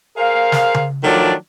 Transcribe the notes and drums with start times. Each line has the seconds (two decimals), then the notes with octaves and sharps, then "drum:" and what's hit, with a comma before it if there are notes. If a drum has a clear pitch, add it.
0.17 G#4 A#4 C5 F5
0.52 drum: snare
0.74 drum: tom C#3
1.04 D#3 F3 F#3 A3 D4 D5